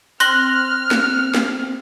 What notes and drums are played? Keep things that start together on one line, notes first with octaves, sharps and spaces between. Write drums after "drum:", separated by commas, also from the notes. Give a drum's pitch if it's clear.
C4 C6 F6 F#6 A#6 F#7, drum: tambourine
drum: snare
drum: snare